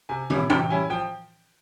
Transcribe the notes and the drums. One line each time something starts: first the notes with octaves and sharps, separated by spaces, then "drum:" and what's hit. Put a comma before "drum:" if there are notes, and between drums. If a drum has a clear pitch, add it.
C3 G#5
G3 C#4 E4, drum: tom
C3 G5, drum: tom
G3 C#4 E4 G#5
F3 G5